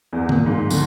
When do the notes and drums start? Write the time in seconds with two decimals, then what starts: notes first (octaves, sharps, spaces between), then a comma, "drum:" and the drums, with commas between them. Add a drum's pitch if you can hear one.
0.13 E2
0.29 A#2, drum: tom D#3
0.46 G#2
0.70 D2, drum: tambourine